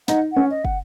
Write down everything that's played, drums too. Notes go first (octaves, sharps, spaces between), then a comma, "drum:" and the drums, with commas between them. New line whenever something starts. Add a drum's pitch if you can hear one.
D#4 F#5, drum: snare
C#4 F#5
D#5
F#5, drum: kick